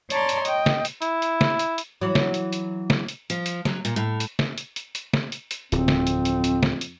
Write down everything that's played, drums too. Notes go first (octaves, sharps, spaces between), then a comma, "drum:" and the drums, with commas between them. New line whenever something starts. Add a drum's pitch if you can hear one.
C#5 D5 A5 A#5 C6, drum: hi-hat
drum: hi-hat
D#5 G5, drum: hi-hat
drum: snare
drum: hi-hat
E4, drum: hi-hat
drum: hi-hat
drum: snare
drum: hi-hat
drum: hi-hat
E3 F#3
drum: snare
drum: hi-hat
drum: hi-hat
drum: snare
drum: hi-hat
F3, drum: hi-hat
drum: hi-hat
F#3, drum: snare
A#2, drum: hi-hat
A2
drum: hi-hat
drum: snare
drum: hi-hat
drum: hi-hat
drum: hi-hat
drum: snare
drum: hi-hat
drum: hi-hat
D1 F2 C4, drum: hi-hat
drum: snare
drum: hi-hat
drum: hi-hat
drum: hi-hat
drum: snare
drum: hi-hat